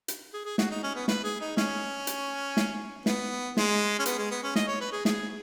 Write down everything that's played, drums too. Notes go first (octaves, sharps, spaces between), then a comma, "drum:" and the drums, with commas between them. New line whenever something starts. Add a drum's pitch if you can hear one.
drum: hi-hat
G#4
G#4
F#4, drum: snare
D#4
C#4
B3
B4, drum: snare
G#4
D#4
C#4, drum: snare
drum: hi-hat
drum: snare
B3, drum: snare
G#3, drum: snare
C#4
B3, drum: hi-hat
G#3
B3
C#4
D#5, drum: snare
C#5
B4
G#4
G#4, drum: snare